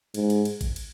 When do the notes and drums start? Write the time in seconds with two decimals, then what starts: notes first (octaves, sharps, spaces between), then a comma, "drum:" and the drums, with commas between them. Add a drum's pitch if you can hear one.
0.14 G#2, drum: cymbal
0.30 drum: cymbal
0.45 drum: cymbal
0.61 drum: kick A1, cymbal
0.76 drum: cymbal